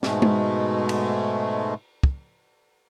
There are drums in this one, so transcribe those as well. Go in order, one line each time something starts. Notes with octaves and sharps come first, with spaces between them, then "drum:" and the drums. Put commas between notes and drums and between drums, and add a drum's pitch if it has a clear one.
G#2 B2 G#3 A3, drum: snare
drum: tom G#3
drum: cymbal
drum: kick